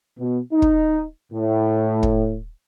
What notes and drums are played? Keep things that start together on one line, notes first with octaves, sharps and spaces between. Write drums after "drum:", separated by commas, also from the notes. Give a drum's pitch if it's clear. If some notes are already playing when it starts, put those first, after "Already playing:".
B2
D#4
drum: kick
A2
drum: kick